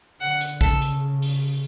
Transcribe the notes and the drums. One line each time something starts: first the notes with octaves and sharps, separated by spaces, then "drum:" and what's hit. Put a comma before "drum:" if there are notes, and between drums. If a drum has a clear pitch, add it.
D3 F#5
drum: hi-hat
C#3 A4, drum: kick
drum: hi-hat
drum: open hi-hat